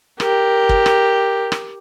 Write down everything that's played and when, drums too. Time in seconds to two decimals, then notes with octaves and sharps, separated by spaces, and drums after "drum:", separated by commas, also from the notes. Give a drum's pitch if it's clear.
0.20 G4 A#4, drum: rim click
0.69 drum: kick
0.86 drum: rim click
1.52 drum: rim click